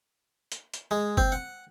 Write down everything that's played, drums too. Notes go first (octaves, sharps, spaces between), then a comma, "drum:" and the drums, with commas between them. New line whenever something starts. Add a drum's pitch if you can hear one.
drum: hi-hat
drum: hi-hat
G#3
C4, drum: kick F#1
F#5